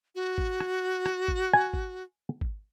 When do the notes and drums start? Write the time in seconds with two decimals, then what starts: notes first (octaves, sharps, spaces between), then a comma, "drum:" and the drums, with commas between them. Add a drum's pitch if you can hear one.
0.15 F#4
0.38 drum: kick G#1
0.60 drum: rim click
1.06 drum: rim click
1.28 drum: kick G#1
1.53 G#5
1.73 drum: kick G#1
2.41 drum: kick G#1